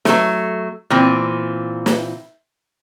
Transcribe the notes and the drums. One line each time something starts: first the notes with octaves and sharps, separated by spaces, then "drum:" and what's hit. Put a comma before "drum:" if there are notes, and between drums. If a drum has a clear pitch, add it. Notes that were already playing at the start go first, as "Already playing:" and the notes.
F#3 A3, drum: snare
A#2 E3 C4
drum: snare